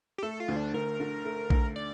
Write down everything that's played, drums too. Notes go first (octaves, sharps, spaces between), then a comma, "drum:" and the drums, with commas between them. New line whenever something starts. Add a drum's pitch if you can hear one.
G4
A3 A4
F4
D2
D4
D2 A#4
D3
A3
D2, drum: kick A#1
D5